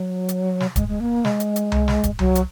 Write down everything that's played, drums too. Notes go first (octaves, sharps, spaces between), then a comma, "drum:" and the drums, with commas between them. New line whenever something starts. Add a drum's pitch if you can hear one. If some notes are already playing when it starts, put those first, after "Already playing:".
Already playing: F#3
drum: hi-hat
drum: snare
G#3, drum: kick, hi-hat
G#3
A#3
G#3, drum: snare
drum: hi-hat
drum: hi-hat
drum: tom C2
drum: snare
drum: kick, hi-hat
F#3, drum: tom C2
drum: hi-hat